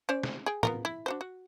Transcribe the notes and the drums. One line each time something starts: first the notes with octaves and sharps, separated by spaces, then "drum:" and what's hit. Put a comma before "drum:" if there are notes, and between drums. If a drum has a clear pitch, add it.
C#4 C5 D5
drum: snare
G#4 G5
B3 F4 A#4, drum: tom
E4
D4 F#4 C5
F#4